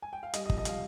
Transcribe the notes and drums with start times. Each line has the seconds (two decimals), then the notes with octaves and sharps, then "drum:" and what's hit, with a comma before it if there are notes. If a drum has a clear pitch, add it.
0.02 G#5
0.13 G5
0.23 F5
0.34 G3 D#5, drum: hi-hat
0.45 D#5
0.50 F2, drum: kick
0.58 D#5
0.65 G3 F5, drum: hi-hat